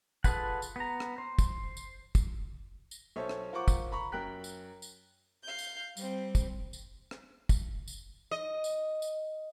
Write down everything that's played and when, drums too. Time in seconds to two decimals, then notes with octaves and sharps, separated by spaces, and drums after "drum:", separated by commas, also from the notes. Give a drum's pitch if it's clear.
0.24 F4 G#4 A4 B4 F#5, drum: kick, tambourine
0.62 drum: tambourine
0.76 B3 A#5
1.00 drum: rim click
1.18 C5
1.39 drum: kick, tambourine
1.77 drum: tambourine
2.15 drum: kick, tambourine
2.91 drum: tambourine
3.16 B1 A4 C5 C#5 E5
3.29 drum: rim click
3.53 F4 A#4 C5 F#5 C#6 D6
3.68 drum: kick, tambourine
3.92 A#5 B5 C#6
4.12 F#2 A#4 G5 F#6 B6
4.44 drum: tambourine
4.82 drum: tambourine
5.44 F5 G6
5.59 drum: tambourine
5.97 G3 C4, drum: tambourine
6.35 drum: kick, tambourine
6.73 drum: tambourine
7.11 drum: rim click
7.49 drum: kick, tambourine
7.88 drum: tambourine
8.31 D#5
8.64 drum: tambourine
9.02 drum: tambourine